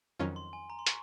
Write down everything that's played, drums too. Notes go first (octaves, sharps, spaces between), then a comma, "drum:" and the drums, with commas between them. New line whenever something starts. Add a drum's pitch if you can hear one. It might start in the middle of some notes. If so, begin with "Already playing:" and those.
F2 D#3 F#3 C#4 F4
C6
G#5
A#5
C6
C#6, drum: hi-hat